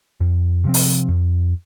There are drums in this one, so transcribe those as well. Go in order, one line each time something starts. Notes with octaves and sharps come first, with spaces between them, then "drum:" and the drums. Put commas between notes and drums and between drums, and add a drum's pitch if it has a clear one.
F2
C3 F3 C4
drum: open hi-hat
F2